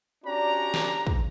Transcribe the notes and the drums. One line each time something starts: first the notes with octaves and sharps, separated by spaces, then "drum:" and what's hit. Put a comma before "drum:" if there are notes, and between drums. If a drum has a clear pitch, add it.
C#4 D4 F#4 G4 D5 A#5
drum: snare
drum: kick